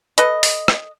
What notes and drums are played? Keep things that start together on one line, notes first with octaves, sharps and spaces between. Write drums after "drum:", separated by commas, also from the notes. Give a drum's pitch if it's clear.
A4 B4 D#5, drum: hi-hat
drum: open hi-hat
drum: rim click